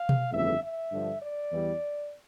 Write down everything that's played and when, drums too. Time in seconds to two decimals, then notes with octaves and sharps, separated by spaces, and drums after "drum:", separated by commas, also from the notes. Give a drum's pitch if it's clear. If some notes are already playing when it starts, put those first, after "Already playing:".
Already playing: F5
0.09 drum: tom B2
0.32 G1 F2 C#3 E3 A3 E5
0.62 E5
0.90 G2 D3 F3
1.20 D5
1.49 E2 E3 G3